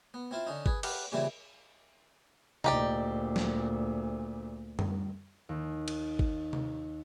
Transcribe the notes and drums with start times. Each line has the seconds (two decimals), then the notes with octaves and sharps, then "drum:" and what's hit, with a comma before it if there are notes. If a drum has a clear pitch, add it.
0.14 B3
0.31 C4 E4 F4
0.47 D3 C#4 D#4
0.66 G#4 B4, drum: kick
0.83 G4 A4 B4 F5 F#5, drum: cymbal
1.12 A#2 C#3 E3 G3 C4 E4
2.64 D2 A#2 D#4 G4 D5, drum: tom C3
3.36 drum: snare
4.79 drum: tom
5.49 D#2
5.88 drum: cymbal
6.19 drum: kick
6.53 drum: tom C3